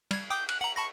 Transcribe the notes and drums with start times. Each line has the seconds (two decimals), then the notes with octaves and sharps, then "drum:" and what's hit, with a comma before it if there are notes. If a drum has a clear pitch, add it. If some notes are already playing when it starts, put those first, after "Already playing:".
0.11 G3 G#6, drum: cymbal
0.30 G5 D6 D#6 G6
0.49 F#6, drum: cymbal
0.61 F#5 A#5 F#7
0.76 A5 B5 C#6 A#6